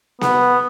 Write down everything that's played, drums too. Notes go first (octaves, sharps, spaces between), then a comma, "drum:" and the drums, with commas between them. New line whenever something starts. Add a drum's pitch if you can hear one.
B3, drum: snare B3